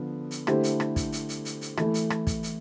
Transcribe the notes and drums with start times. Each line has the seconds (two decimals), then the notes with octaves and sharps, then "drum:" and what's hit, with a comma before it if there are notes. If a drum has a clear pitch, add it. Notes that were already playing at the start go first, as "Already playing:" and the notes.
Already playing: D3 F3 B3
0.31 drum: hi-hat
0.47 D3 A3 E4 G4 C5, drum: rim click
0.63 drum: hi-hat
0.80 drum: rim click
0.96 drum: kick, hi-hat
1.12 drum: hi-hat
1.29 drum: hi-hat
1.45 drum: hi-hat
1.61 drum: hi-hat
1.77 E3 A3 E4, drum: rim click
1.94 drum: hi-hat
2.10 drum: rim click
2.27 drum: kick, hi-hat
2.43 drum: hi-hat